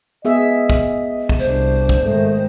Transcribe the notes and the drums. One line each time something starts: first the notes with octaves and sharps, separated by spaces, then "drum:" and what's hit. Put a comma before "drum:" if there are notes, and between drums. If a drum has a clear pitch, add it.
B3 G#4 D#5 E5
drum: kick
drum: kick
C2 D4 C5
drum: kick
G#2 D#3 A3